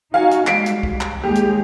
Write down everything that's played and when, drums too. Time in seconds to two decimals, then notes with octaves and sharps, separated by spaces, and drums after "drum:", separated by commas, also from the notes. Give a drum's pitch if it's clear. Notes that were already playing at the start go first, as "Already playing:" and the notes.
0.14 D#4 F#4 F5 G#5
0.31 drum: hi-hat
0.47 G3 G#3 B6 C7 D7, drum: clap
0.66 drum: hi-hat
0.83 drum: kick
1.01 drum: clap
1.23 D#2 G#3 G4 G#4
1.35 drum: hi-hat